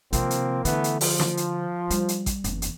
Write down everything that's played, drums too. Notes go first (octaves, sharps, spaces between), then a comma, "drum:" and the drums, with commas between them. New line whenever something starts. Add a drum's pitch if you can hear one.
C3 D#3 F3 A#3 C4, drum: kick A1, hi-hat
drum: hi-hat
D3 E3 A3 B3, drum: hi-hat
drum: hi-hat
F3, drum: open hi-hat
drum: snare
drum: hi-hat
G3, drum: hi-hat
drum: hi-hat
drum: kick A1, hi-hat
F#1 E2, drum: hi-hat
drum: hi-hat